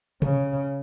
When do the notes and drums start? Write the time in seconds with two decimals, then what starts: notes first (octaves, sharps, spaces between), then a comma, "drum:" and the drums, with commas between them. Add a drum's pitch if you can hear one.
0.22 C#3, drum: tom C3